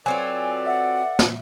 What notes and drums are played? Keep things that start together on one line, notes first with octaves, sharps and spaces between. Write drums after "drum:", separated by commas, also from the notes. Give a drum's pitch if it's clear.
F#3 C4 F4 A4 B4 D5 G#5
E5 F#5
drum: snare